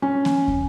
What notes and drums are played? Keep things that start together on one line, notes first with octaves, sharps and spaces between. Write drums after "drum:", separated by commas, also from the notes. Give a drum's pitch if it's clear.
C#4
drum: snare A#3
drum: kick